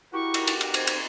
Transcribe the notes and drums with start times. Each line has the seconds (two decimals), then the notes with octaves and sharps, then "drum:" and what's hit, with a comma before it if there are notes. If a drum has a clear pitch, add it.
0.13 E4 F#4 G4 A#4 C#6
0.34 drum: cymbal
0.47 drum: cymbal
0.61 drum: cymbal
0.74 C5 G#6, drum: cymbal
0.87 drum: cymbal